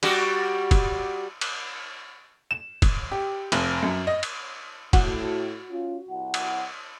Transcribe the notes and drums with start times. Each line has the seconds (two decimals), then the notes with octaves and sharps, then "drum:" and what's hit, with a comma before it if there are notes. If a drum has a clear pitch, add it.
0.03 G3 F#4 G4, drum: cymbal
0.71 drum: kick, cymbal
1.41 drum: cymbal
2.51 E7
2.82 drum: kick, cymbal
3.12 G4
3.52 F1, drum: cymbal
3.83 F#2
4.07 D#5
4.23 drum: cymbal
4.93 A2 F#4, drum: kick, cymbal
5.69 C#4 F4
6.09 C2 E4 F#5
6.34 drum: cymbal